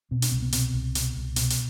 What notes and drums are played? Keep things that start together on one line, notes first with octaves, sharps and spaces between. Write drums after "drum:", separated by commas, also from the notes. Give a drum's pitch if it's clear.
B2 C4
D4, drum: hi-hat
C2 C4
B3
B2 C4, drum: hi-hat
C2
B2, drum: hi-hat
C2
B2 B3, drum: hi-hat
drum: hi-hat